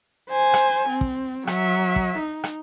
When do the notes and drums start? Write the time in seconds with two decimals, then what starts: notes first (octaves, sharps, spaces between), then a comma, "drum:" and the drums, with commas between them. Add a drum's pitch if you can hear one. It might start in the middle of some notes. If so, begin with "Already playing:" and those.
0.30 C5 G#5
0.53 drum: rim click
0.89 C4
1.01 drum: kick
1.47 F#3 E5, drum: rim click
1.96 drum: kick
2.18 D#4
2.44 drum: rim click